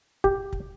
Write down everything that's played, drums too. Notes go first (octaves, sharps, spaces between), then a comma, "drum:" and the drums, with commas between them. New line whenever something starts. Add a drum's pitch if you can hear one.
G4, drum: kick
drum: kick